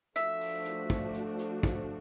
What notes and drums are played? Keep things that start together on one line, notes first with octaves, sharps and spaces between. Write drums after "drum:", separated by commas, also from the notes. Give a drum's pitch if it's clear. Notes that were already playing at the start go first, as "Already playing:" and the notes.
F3 A3 D4 F#4 E5, drum: hi-hat
drum: open hi-hat
drum: hi-hat
drum: kick, hi-hat
drum: hi-hat
drum: hi-hat
drum: kick, hi-hat